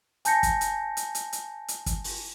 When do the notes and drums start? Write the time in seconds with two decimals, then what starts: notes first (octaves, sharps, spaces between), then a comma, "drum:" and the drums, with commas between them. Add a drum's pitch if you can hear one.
0.25 G#5 A5 G6 A#6 C#7, drum: hi-hat
0.43 drum: kick, hi-hat
0.61 drum: hi-hat
0.97 drum: hi-hat
1.15 drum: hi-hat
1.33 drum: hi-hat
1.68 drum: hi-hat
1.86 drum: kick, hi-hat
2.04 drum: open hi-hat